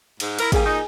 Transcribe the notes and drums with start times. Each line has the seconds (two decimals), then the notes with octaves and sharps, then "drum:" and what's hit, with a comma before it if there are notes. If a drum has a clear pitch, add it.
0.20 G#2, drum: cymbal
0.39 E4 A#4, drum: cymbal
0.52 G3 A#3 G#4 G#5, drum: kick, cymbal
0.66 A#2 D#4